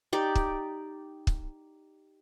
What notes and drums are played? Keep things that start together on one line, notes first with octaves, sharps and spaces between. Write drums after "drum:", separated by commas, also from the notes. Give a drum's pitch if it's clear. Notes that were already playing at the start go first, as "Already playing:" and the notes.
D#4 G4 D5
drum: kick
drum: kick